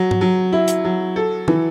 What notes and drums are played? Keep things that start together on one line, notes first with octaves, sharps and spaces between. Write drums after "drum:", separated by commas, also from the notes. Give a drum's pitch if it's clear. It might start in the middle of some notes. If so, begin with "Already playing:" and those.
Already playing: F#3
drum: tom G#2
F#3
E4
drum: hi-hat
F#3
A4
E3, drum: tom